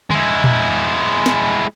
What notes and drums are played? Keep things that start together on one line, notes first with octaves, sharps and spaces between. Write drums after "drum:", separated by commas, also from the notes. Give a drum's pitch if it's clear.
G#3 E4, drum: tom D3
drum: tom A#2
drum: snare